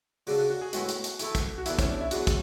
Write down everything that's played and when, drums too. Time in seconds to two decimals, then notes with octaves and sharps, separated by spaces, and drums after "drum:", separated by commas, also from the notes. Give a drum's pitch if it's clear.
0.27 C#3 G#3 D4 F#4 A4, drum: open hi-hat
0.39 F#4
0.50 F#4
0.61 G#4
0.73 A2 G#3 B3 E4 F#4, drum: hi-hat
0.89 drum: hi-hat
1.04 drum: hi-hat
1.19 E3 A3 E4 A4, drum: hi-hat
1.35 drum: kick, hi-hat
1.58 F#4
1.66 E3 B3 D4 E4 A4, drum: hi-hat
1.79 C#4, drum: kick, hi-hat
1.90 D4
2.01 E4
2.11 F#3 B3 D4 F#4 G#4, drum: hi-hat
2.27 drum: kick, hi-hat